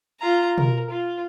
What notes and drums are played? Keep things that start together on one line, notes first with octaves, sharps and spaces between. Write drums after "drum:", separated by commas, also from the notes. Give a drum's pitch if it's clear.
F4 A#5
A#4, drum: tom B2
F4